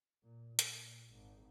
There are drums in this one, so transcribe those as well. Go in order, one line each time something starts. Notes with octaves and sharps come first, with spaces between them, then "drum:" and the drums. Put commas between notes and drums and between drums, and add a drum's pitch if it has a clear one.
A#2
A#2, drum: hi-hat
G#1